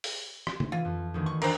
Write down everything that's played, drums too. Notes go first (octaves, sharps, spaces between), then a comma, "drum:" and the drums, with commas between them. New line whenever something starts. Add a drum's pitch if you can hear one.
drum: open hi-hat
drum: rim click
drum: tom
E3 F4
F2
D2 D#3 E3
C#6
D4 A#4 C5 D5, drum: cymbal